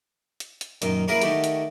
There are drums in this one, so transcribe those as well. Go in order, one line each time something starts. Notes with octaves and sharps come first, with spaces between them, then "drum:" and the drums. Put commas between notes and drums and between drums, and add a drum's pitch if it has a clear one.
drum: hi-hat
drum: hi-hat
F#2 A#2 D#3, drum: hi-hat
F#3 A#3 E4 G#4 A#4 B4
D#3 A3 F#4 G4, drum: hi-hat
drum: hi-hat